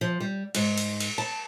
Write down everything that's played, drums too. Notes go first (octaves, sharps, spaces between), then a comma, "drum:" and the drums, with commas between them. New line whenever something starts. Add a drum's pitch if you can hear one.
F3
G3
G#2, drum: cymbal
drum: cymbal
drum: cymbal
A5